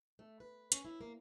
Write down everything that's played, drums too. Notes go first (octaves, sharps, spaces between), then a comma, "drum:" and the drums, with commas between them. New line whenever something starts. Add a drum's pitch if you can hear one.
A3
B4
C#4, drum: hi-hat
E4
A#3